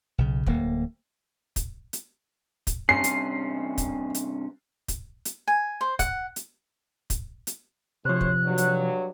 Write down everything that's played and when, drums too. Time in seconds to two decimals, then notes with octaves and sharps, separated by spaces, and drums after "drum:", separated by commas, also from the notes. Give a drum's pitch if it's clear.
0.18 B1 C#3
0.47 D1 A#3, drum: kick
1.56 drum: kick, hi-hat
1.93 drum: hi-hat
2.67 drum: kick, hi-hat
2.89 G2 C3 C#4 C7
3.04 drum: hi-hat
3.78 drum: kick, hi-hat
4.15 drum: hi-hat
4.88 drum: kick, hi-hat
5.25 drum: hi-hat
5.48 G#5
5.81 C5
5.99 F#5, drum: kick, hi-hat
6.36 drum: hi-hat
7.10 drum: kick, hi-hat
7.47 drum: hi-hat
8.05 D2 C3 F3 C5 C#5 F#6
8.21 drum: kick
8.45 G2 F#3
8.58 drum: hi-hat